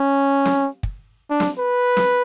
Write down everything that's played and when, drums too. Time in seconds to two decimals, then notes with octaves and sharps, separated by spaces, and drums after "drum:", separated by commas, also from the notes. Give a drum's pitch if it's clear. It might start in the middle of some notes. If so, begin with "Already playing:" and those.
Already playing: C#4
0.45 drum: snare
0.83 drum: kick
1.30 D4
1.40 drum: snare
1.58 B4
1.97 drum: snare